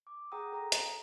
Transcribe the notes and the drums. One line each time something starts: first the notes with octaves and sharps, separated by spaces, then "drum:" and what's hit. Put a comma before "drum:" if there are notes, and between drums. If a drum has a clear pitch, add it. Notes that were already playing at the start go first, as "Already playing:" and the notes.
D6
G#4 F#5 G5 A#5 D#6
A4 A#5
drum: hi-hat